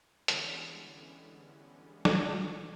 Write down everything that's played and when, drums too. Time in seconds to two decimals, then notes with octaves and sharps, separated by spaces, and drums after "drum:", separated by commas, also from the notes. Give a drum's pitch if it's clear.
0.28 D3 E3 G3 G#3 B3 C#4, drum: hi-hat
2.05 drum: snare